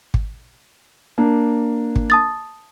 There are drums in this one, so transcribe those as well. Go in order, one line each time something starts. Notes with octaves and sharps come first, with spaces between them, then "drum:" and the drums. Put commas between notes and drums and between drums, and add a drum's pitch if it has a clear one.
drum: kick
A#3 D4
drum: kick
A5 D#6 A6